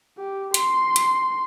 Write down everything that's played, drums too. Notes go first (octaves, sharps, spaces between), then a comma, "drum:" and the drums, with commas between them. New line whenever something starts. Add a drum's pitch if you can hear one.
G4
C6, drum: hi-hat
drum: hi-hat